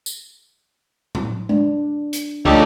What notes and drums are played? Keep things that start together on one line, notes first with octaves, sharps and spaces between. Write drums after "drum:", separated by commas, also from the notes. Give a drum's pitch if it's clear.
drum: tambourine
drum: tom A2
D4, drum: tom G#3
drum: hi-hat
A3 D4 D#4 F4 G4 A4 C#5, drum: kick